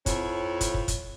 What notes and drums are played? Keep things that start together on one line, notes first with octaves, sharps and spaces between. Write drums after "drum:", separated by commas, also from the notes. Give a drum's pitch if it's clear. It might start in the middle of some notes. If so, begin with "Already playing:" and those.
F2 F3 E4 C#5, drum: kick, hi-hat
drum: kick, hi-hat
drum: kick
drum: kick, hi-hat